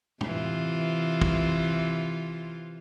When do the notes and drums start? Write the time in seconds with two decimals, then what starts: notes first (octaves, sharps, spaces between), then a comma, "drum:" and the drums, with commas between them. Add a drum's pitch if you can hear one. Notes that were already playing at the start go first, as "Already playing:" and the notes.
0.21 C3 E3 F4, drum: tom
1.21 drum: kick